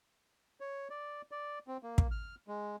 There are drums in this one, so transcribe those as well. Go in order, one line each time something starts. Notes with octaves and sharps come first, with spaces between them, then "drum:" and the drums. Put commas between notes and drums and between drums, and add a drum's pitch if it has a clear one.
C#5
D5
D5
C4
A#3
drum: kick
F6
G#3